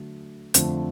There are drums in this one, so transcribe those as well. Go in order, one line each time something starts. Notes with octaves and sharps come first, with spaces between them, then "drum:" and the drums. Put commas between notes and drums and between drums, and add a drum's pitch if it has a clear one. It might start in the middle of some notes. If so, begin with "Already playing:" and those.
Already playing: D3 F#3 A3
F2 D3 F3 A3, drum: hi-hat